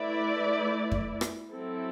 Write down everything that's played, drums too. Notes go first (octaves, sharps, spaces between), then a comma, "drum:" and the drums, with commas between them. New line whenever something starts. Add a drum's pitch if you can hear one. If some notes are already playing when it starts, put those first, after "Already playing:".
Already playing: A3 E4 B4 D5
drum: kick F2
drum: rim click
F#3 C4 E4 A4